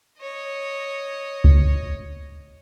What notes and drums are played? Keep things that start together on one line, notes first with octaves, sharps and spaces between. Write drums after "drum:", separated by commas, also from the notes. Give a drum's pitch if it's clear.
C#5 D#5
drum: kick C#2